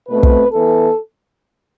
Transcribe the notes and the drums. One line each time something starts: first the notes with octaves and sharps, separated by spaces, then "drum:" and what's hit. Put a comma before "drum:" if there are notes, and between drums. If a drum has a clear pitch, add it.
B2 A3 C4 B4
drum: kick
E3 B3 A4